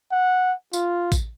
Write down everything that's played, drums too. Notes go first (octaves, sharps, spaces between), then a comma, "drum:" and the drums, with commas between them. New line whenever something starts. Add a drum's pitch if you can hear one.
F#5
F4, drum: tambourine
drum: kick A1, tambourine